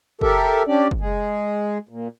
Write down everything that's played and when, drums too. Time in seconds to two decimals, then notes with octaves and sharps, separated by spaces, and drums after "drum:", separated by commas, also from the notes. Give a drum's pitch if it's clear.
0.21 G4 A4 A#4 E5, drum: kick
0.67 C#4 D4 G4 D5
0.91 drum: kick
1.01 G#3 G#4
1.89 A#2